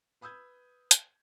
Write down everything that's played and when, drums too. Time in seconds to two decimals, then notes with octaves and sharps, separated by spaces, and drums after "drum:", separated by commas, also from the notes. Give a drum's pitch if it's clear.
0.21 B4 B5 D#6 E6 G6 G#6
0.91 drum: hi-hat